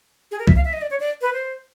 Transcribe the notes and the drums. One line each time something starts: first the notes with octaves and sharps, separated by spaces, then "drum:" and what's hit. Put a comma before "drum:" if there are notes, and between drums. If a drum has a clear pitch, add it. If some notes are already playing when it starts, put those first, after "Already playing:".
G#4
A#4
E5, drum: kick C2
F5
E5
D#5
D5
C#5
D5
B4
C5